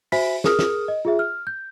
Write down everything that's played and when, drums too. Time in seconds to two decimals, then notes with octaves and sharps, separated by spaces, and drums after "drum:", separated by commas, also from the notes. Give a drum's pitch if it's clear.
0.12 F#4 C5 E5 G#5 B5 B6, drum: open hi-hat
0.44 G#4 A#4 D#6 F6, drum: snare
0.59 drum: snare
0.88 D#5
1.05 F4 G#4 E5
1.19 F6
1.47 G6